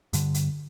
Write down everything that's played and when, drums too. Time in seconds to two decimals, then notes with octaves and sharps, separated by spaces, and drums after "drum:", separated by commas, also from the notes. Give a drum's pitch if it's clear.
0.13 G2 D3, drum: hi-hat
0.34 drum: hi-hat